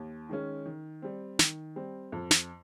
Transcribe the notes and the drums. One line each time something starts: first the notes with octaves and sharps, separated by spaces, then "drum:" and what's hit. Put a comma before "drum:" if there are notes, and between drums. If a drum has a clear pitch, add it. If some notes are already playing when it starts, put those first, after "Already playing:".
Already playing: D#2
D#3 G#3 C#4
D#3
G3 C4
D#3, drum: snare
G3 C4
F2
drum: snare